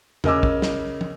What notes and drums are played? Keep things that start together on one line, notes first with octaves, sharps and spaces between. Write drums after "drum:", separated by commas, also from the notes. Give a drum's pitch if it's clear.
C#3 A#4 D#5 G#5 D6 E6, drum: tom
drum: kick
drum: snare
drum: tom